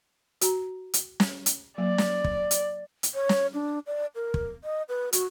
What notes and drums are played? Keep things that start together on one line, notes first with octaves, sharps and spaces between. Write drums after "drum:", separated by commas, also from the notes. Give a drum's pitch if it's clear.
F#4 A#5, drum: hi-hat
drum: hi-hat
drum: snare
drum: hi-hat
F#3 A#3 D5
drum: snare
drum: kick
drum: hi-hat
drum: hi-hat
C#5
drum: snare
D4
D5
A#4
drum: kick
D#5
B4
F#4, drum: hi-hat